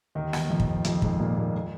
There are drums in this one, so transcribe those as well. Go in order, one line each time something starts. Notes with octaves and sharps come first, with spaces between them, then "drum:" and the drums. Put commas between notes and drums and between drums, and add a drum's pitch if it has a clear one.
D#2 D#3
drum: snare
F2 F3
drum: kick
F2 F3, drum: hi-hat
G#2 G#3, drum: kick
A#2 A#3
A#2 A#3
G#3